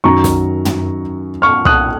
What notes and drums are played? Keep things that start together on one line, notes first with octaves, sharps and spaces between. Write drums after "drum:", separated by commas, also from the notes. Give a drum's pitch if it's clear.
F#2 D#3 F#3 A#5 C#6
drum: snare
drum: tom
C#6 F6
D#6 F#6, drum: kick